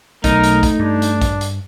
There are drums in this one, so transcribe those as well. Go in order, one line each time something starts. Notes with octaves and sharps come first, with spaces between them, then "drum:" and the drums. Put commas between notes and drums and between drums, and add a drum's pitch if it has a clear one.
B1 A3 D#4 A#4, drum: kick A1, hi-hat
drum: hi-hat
drum: kick A1, hi-hat
G2 D4
drum: hi-hat
drum: kick A1, hi-hat
drum: hi-hat